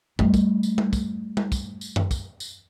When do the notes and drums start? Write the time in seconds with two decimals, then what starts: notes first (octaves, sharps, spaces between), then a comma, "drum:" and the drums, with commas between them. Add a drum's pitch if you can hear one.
0.19 G3 A3, drum: tom F#2
0.34 drum: kick, tambourine
0.63 drum: tambourine
0.78 drum: tom G3
0.93 drum: kick, tambourine
1.37 drum: tom G3
1.52 drum: kick, tambourine
1.81 drum: tambourine
1.96 drum: tom F#2
2.11 drum: kick, tambourine
2.40 drum: tambourine